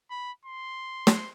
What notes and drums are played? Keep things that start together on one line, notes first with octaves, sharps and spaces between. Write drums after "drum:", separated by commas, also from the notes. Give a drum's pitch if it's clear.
B5
C6
drum: snare